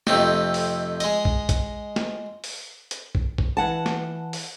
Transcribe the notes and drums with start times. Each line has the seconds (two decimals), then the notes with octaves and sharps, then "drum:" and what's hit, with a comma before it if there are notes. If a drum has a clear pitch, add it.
0.07 F2 C3 A3 D#4, drum: snare
0.54 drum: open hi-hat
1.00 G#3 D#5, drum: hi-hat
1.25 drum: kick A#1
1.49 drum: kick A#1, hi-hat
1.96 drum: snare
2.44 drum: open hi-hat
2.91 drum: hi-hat
3.15 drum: kick A#1
3.38 drum: kick A#1
3.57 E3 F#5 A5
3.86 drum: snare
4.33 drum: open hi-hat